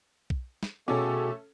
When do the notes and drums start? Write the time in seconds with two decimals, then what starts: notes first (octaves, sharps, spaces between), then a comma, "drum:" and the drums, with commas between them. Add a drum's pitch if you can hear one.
0.30 drum: kick B1
0.63 drum: snare
0.88 B2 A3 C#4 F#4 G#4 A4 D6